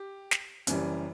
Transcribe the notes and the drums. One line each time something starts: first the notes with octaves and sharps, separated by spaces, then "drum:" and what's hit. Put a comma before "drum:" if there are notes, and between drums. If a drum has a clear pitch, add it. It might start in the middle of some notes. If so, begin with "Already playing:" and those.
Already playing: G4
drum: snare
F#1 F#2 E3 G3, drum: hi-hat